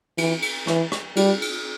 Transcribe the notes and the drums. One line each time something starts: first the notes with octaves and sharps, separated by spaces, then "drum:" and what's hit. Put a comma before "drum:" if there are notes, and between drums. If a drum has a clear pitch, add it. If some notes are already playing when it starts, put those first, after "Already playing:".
E3, drum: cymbal
drum: cymbal
E3, drum: rim click
drum: rim click
G3, drum: cymbal
drum: cymbal